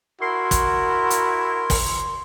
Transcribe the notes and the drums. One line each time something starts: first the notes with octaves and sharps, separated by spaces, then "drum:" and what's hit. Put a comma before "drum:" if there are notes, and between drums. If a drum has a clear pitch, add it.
E4 F#4 A#4 C6
drum: kick, hi-hat
drum: hi-hat
drum: kick, open hi-hat